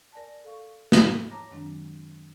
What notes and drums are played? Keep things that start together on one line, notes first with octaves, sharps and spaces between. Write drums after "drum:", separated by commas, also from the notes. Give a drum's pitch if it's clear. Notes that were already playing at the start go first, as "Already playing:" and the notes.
A#4 D5 G#5 A5
A4 F5 C#6
drum: snare
C#5 A5 A#5 D6 A#6
F#2 D#3 F#3 G#3 C4 D4